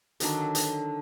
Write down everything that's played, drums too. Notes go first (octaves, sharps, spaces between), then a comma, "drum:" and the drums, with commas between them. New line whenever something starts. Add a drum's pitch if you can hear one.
D3 D#3 F#3 D4, drum: hi-hat
drum: hi-hat